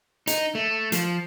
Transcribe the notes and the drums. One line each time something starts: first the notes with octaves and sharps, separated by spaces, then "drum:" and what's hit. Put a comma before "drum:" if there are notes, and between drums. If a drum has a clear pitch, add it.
D#4, drum: hi-hat
A3
F3, drum: hi-hat